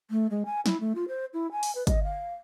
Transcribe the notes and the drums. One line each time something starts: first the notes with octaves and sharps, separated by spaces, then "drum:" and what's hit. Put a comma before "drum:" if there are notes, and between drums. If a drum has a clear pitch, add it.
A3
G#3
G#5
E4, drum: snare
A3
F4
C5
E4
G#5
drum: open hi-hat
B4
D#5, drum: kick, hi-hat
F5